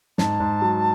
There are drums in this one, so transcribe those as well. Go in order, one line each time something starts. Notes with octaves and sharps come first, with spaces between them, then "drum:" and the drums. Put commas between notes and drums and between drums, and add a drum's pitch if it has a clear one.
G#2 A5, drum: snare
G#2
F#3